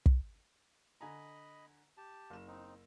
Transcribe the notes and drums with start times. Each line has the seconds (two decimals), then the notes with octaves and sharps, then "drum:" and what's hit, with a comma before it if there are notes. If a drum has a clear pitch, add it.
0.06 drum: kick
1.01 D3 D#5 G#5 A#5 B5
1.97 G4 A5
2.30 F#1 E7
2.47 C4 D#4